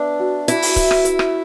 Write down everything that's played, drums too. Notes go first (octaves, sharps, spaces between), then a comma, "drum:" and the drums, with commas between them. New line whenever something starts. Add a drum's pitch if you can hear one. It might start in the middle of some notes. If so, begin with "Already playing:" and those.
Already playing: B3 D4 E5
F#4
E4 F#4, drum: hi-hat
drum: open hi-hat
E5, drum: kick C#1, hi-hat
drum: rim click
E5, drum: hi-hat
drum: rim click